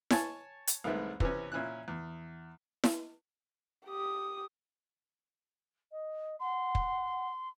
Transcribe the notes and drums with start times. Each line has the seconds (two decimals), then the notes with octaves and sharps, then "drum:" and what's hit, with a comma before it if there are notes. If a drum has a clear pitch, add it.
0.11 C#5 G#5 A5, drum: snare E4
0.67 drum: hi-hat
0.84 C2 D#3 G#3 A3 B3
1.20 C3 E3 B3 C#4, drum: kick
1.52 A#2 C#4 E4 F#6
1.88 E2
2.84 drum: snare E4
3.87 G4 D#6
5.91 D#5
6.40 F#5 C6
6.75 drum: kick